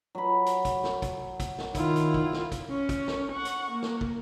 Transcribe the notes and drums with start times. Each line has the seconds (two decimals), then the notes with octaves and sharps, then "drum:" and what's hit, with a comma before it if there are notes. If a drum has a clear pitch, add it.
0.15 F#3 B5
0.46 drum: hi-hat
0.65 drum: kick, hi-hat
0.84 drum: snare
1.02 drum: kick, hi-hat
1.40 drum: kick, hi-hat
1.58 drum: snare
1.75 D#3 E4 F4, drum: kick, hi-hat
1.96 drum: hi-hat
2.14 drum: kick
2.33 drum: snare
2.52 drum: kick, hi-hat
2.70 C#4
2.89 drum: kick, hi-hat
3.08 drum: snare
3.32 F#5 C#6
3.45 drum: hi-hat
3.71 A#3
3.82 drum: snare
4.01 drum: kick